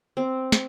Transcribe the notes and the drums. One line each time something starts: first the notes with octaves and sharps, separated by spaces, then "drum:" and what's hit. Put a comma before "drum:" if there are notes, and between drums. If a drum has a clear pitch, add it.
C4
drum: snare